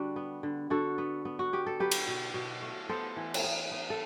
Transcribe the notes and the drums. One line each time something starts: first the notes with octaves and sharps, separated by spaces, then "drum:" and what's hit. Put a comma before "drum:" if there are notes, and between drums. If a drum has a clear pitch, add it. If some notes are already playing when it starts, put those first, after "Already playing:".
Already playing: D3 G3 D4 F#4
B3
D3
D3 F#4 A4
B3
B3
F#4
B3 G4
A4
F#3 G4 B4
drum: cymbal
B2
B2
A3
B3 A4 C5
E3
drum: cymbal
B3
B3
A4